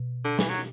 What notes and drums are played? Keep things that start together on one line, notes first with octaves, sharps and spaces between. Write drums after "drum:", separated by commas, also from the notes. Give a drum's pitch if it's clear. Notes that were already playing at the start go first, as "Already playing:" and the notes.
Already playing: B2
D3
E3, drum: snare
F#3